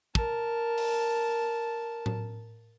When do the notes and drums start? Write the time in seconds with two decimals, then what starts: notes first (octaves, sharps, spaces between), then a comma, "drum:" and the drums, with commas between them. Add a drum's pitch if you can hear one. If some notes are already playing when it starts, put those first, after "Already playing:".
0.15 A#4 A5, drum: kick
0.78 drum: open hi-hat
2.06 drum: tom A2